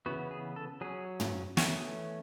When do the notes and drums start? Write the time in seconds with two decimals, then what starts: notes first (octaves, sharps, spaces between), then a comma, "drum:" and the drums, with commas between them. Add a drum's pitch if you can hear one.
0.06 C#3 E3 B3 F#4
0.31 G#4
0.56 A4
0.81 F#3 C#4 G#4
1.20 drum: tom
1.57 E3 A3 C#4 F#4, drum: snare
1.77 G#4